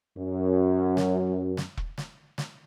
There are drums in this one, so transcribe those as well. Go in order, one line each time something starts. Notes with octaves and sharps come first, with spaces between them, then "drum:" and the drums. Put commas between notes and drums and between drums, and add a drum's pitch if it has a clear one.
F#2
drum: snare
drum: snare
drum: kick E1
drum: snare
drum: snare